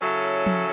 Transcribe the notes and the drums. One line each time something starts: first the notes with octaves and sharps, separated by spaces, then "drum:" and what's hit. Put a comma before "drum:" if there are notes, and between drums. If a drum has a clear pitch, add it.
C#3 F#3 C#4 E4 A4
drum: tom F3